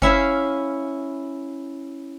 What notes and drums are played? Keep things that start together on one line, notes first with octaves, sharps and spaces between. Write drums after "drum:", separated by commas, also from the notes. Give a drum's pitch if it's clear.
C#4 E4 E5 F5, drum: kick F#1